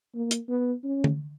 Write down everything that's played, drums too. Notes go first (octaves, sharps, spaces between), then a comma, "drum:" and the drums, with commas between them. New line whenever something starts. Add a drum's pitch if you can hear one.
A#3
drum: hi-hat
B3
C#4
drum: tom D3